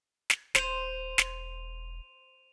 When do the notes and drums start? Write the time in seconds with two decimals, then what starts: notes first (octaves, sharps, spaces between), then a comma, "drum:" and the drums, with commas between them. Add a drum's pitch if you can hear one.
0.30 drum: snare
0.55 D#1 C5 D#7 F7, drum: snare
1.18 E1, drum: snare